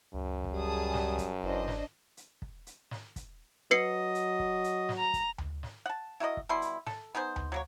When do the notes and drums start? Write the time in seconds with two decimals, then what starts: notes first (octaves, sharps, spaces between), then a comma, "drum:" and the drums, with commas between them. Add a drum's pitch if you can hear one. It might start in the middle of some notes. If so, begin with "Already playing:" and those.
0.14 C#2 F#2
0.44 drum: kick
0.54 G3 G#4 A5 D#6
0.94 drum: snare
1.18 drum: kick, hi-hat
1.43 G1 E3 D4 C5 D#5
1.68 drum: snare
2.17 drum: hi-hat
2.42 drum: kick
2.67 drum: hi-hat
2.91 drum: snare
3.16 drum: kick, hi-hat
3.71 F#3 B4 D#5 C7 C#7
4.15 drum: hi-hat
4.39 drum: kick
4.64 drum: hi-hat
4.89 drum: snare
4.98 A#5
5.14 drum: kick, hi-hat
5.38 drum: tom D2
5.63 drum: snare
5.86 F#5 A5
6.20 E4 F#4 A#4 D#5
6.37 drum: kick
6.49 B2 G3 E4 C6
6.62 drum: hi-hat
6.86 A4, drum: snare
7.15 B3 D#4 G#4 C5
7.36 drum: tom D2
7.52 F#3 A#3 C#5